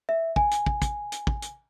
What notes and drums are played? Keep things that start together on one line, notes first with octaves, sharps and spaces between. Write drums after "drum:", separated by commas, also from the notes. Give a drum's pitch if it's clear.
E5
G#5, drum: kick
drum: hi-hat
drum: kick
drum: kick, hi-hat
drum: hi-hat
drum: kick
drum: hi-hat